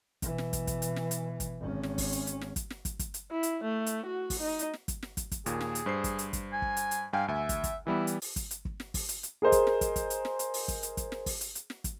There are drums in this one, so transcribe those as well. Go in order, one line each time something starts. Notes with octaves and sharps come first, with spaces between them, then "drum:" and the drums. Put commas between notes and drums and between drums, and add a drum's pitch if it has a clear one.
B2 E3, drum: kick, hi-hat
drum: snare
drum: kick, hi-hat
drum: kick, hi-hat
drum: hi-hat
drum: snare
drum: hi-hat
drum: kick, hi-hat
G#1 C#4
drum: snare
drum: kick, open hi-hat
drum: hi-hat
drum: hi-hat
drum: snare
drum: kick, hi-hat
drum: snare
drum: kick, hi-hat
drum: kick, hi-hat
drum: hi-hat
E4
drum: hi-hat
A3
drum: hi-hat
F#4
drum: kick, open hi-hat
D#4
drum: hi-hat
drum: snare
drum: kick, hi-hat
drum: snare
drum: kick, hi-hat
drum: kick, hi-hat
D#2 A#2 G#4, drum: hi-hat
drum: snare
drum: hi-hat
G2 C5 C7
drum: kick, hi-hat
drum: hi-hat
drum: kick, hi-hat
G#5
drum: kick
drum: hi-hat
drum: hi-hat
G2 F5 G5 G#5
D2 E5 G#5
drum: kick, hi-hat
drum: kick, hi-hat
E3 G3 B3 E4
drum: hi-hat
drum: open hi-hat
drum: kick, hi-hat
drum: hi-hat
drum: kick
drum: snare
drum: kick, open hi-hat
drum: hi-hat
drum: hi-hat
G#4 A#4 C5 D#5
drum: kick, hi-hat
drum: snare
drum: kick, hi-hat
drum: kick, hi-hat
drum: hi-hat
drum: snare
drum: hi-hat
drum: open hi-hat
drum: kick, hi-hat
drum: hi-hat
drum: kick, hi-hat
drum: snare
drum: kick, open hi-hat
drum: hi-hat
drum: hi-hat
drum: snare
drum: kick, hi-hat